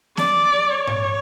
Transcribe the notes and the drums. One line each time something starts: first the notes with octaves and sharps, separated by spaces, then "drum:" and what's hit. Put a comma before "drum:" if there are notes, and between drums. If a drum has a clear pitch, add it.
D5, drum: snare B3
C#5
drum: tom G#2